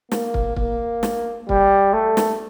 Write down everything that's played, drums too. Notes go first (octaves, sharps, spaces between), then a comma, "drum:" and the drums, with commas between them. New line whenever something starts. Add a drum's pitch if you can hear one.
A#3, drum: snare
drum: kick
A#3, drum: kick
drum: snare
G3, drum: kick
A3
drum: snare